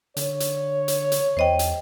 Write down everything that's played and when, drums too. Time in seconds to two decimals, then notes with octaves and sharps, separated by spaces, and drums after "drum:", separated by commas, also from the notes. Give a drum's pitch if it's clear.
0.17 D3 C#5, drum: hi-hat
0.40 drum: hi-hat
0.88 drum: hi-hat
1.12 drum: hi-hat
1.37 E2 C5 D#5 G5
1.59 drum: hi-hat